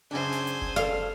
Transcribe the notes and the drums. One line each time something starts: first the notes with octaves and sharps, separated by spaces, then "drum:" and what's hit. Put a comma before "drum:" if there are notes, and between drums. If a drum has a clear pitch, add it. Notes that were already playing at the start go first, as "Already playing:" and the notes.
F#2 C#3 D4 C5 G#5
drum: snare
drum: hi-hat
drum: kick F#1
A4 D5 F5, drum: snare